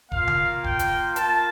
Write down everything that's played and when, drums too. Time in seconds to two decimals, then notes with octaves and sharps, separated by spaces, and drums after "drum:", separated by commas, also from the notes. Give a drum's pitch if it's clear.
0.12 A#3 F4 F5, drum: kick E1
0.28 drum: tom C#3
0.64 G5, drum: kick E1
0.79 drum: hi-hat
1.16 A#3 F4 A5, drum: hi-hat